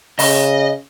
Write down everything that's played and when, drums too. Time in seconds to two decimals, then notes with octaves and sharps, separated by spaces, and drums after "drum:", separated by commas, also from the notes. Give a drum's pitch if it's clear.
0.19 C#3 D#5, drum: open hi-hat